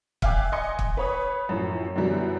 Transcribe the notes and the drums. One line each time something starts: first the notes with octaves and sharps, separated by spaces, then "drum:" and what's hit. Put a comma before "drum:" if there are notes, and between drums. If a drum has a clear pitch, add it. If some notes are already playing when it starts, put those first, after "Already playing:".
E5 F5 G5 G#5 D6 F#6, drum: kick
D#5 G#5 C6 D6 C#7
drum: kick
B4 C#5 D#6
F#2 A2 F3
F#2 B2 D3 E3 F#3 G3